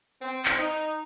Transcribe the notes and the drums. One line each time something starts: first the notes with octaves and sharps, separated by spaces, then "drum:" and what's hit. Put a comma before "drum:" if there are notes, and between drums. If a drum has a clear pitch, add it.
C4
drum: clap
D#4